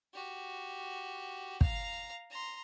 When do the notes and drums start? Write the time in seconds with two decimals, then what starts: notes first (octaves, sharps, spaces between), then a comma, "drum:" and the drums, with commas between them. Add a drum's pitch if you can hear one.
0.14 F#4 G4
1.61 F5 A#5, drum: kick
2.30 A#5 C6